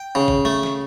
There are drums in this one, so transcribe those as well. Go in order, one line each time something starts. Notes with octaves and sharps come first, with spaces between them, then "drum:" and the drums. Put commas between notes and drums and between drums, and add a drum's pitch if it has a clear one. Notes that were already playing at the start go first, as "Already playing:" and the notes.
Already playing: G5
C#3
drum: kick A1
A3
drum: snare